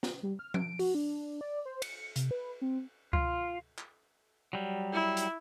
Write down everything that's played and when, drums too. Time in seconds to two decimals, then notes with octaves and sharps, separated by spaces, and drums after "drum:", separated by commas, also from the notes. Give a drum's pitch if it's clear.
0.03 drum: snare
0.23 G3
0.39 F6
0.54 D7, drum: tom F3
0.79 F#4, drum: open hi-hat
0.95 D4
1.41 D5
1.65 C5
1.82 C#7, drum: cymbal
2.16 C3, drum: hi-hat
2.31 B4
2.62 C4
3.13 F4, drum: kick C#2
3.78 drum: clap
4.53 F#3 G3
4.93 E4
5.17 drum: hi-hat